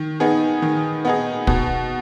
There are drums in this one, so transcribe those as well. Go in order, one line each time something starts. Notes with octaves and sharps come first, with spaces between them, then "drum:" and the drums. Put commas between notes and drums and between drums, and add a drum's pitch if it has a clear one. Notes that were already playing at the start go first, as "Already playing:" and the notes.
Already playing: D#3
B3 D#4 G#4
D#3
B3 D#4 G#4
B2, drum: kick